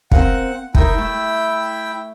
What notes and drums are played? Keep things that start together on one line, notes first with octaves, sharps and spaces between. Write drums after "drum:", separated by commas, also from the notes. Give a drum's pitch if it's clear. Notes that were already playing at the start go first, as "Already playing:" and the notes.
C4 A#4 F5 F#5, drum: kick
D#4 E4 A#4 G5, drum: kick
A3